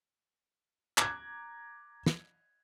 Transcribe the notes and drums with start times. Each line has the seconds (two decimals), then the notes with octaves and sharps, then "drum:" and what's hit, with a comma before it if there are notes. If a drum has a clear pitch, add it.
0.98 A#5 D6 F#6 G#6, drum: clap
2.06 drum: snare